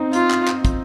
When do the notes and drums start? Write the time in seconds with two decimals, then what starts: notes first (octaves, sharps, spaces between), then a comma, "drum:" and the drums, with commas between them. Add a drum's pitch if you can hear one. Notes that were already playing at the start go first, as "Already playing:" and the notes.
Already playing: C4 D#4
0.13 F4, drum: hi-hat
0.31 drum: clap
0.48 drum: clap
0.65 drum: kick, hi-hat